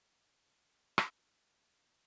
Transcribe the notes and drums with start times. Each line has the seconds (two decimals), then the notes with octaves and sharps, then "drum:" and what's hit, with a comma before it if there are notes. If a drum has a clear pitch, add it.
0.12 B4
0.52 D#4
0.98 drum: rim click
1.41 A3